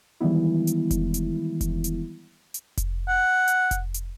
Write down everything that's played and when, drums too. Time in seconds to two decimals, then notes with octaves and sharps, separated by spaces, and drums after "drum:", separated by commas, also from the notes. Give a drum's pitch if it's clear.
0.20 D#3 E3 G3 G#3 B3 E4
0.67 drum: hi-hat
0.91 drum: kick F1, hi-hat
1.14 drum: hi-hat
1.61 drum: kick F1, hi-hat
1.84 drum: hi-hat
2.54 drum: hi-hat
2.77 drum: kick F1, hi-hat
3.08 F#5
3.48 drum: hi-hat
3.71 drum: kick F1, hi-hat
3.94 drum: hi-hat